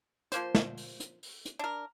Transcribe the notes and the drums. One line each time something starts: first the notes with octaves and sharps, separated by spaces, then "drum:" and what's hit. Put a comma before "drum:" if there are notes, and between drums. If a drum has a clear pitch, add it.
F3 A#3 C5, drum: hi-hat
drum: snare
drum: open hi-hat
drum: hi-hat
drum: open hi-hat
drum: hi-hat
D4 A#4